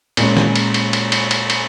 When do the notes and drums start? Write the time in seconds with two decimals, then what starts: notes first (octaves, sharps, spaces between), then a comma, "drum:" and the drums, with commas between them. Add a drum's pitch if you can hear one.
0.17 A#2 G#3 C#4, drum: cymbal
0.37 drum: snare
0.55 drum: cymbal
0.74 drum: cymbal
0.93 drum: cymbal
1.12 drum: cymbal
1.31 drum: cymbal
1.50 drum: cymbal